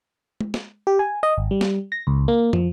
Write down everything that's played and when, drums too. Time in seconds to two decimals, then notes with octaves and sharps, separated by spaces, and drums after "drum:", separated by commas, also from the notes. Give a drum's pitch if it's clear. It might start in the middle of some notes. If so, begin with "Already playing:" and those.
0.41 drum: tom G#3
0.54 drum: snare
0.87 G4
0.99 G#5
1.23 D#5
1.38 G#1
1.51 G3
1.61 drum: snare
1.92 A#6
2.07 C#2
2.28 A#3
2.53 F3, drum: tom